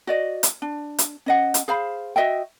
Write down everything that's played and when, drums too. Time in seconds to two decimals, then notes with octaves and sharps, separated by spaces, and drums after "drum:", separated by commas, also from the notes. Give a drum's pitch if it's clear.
0.07 F#4 D5 D#5
0.43 drum: hi-hat
0.62 D4
0.98 drum: hi-hat
1.26 C#4 D#5 F#5
1.54 drum: hi-hat
1.68 G#4 C5 F5 B5
2.16 F#4 D#5 E5 G5